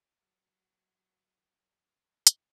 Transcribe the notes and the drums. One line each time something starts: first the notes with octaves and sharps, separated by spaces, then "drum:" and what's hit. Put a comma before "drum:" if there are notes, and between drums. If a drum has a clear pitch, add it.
F#3
drum: hi-hat